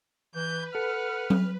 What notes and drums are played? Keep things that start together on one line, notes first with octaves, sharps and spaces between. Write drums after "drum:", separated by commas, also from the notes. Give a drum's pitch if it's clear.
E3 B4 G6
A4 F#5 F6
drum: tom F#3